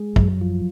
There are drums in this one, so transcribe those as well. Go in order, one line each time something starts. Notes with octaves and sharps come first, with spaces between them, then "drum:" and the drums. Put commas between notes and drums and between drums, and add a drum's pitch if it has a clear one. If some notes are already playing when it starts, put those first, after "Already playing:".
Already playing: G#3
F#2 F#3, drum: kick
F3